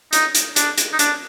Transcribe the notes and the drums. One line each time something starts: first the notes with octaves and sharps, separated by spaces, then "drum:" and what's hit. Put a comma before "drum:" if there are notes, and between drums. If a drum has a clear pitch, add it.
D#4, drum: hi-hat
drum: hi-hat
D4, drum: hi-hat
drum: hi-hat
D#4
D4, drum: hi-hat